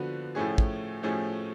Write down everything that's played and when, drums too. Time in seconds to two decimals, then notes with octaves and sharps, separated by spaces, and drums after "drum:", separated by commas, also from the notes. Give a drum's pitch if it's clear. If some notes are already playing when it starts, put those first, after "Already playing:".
Already playing: D3 F3 B3 F#4 B4
0.35 A2 F3 A3 C#4 G#4
0.58 drum: kick
1.03 A2 F3 A3 C#4 G#4